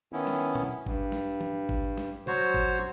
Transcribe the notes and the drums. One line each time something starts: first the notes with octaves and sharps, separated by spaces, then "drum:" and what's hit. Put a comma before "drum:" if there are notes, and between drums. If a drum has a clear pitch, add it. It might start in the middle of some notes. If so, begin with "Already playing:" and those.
D#3 B3 C#4 E4
drum: snare
drum: tom B2
G2, drum: kick G#1
drum: snare
drum: tom
drum: kick G#1
drum: snare
F#3 F#4 C5 C#5, drum: tom C3
drum: kick G#1